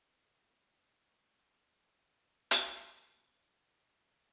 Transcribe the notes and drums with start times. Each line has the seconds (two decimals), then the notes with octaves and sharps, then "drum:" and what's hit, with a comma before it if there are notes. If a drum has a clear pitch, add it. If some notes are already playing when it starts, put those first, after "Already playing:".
0.22 D4 G#4 G#5
2.51 drum: hi-hat
3.52 E3 G#3 B3